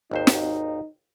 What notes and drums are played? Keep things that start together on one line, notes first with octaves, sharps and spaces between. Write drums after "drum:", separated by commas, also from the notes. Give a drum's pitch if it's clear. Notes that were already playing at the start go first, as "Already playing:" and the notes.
G#1 D#2 D#4 C5
drum: snare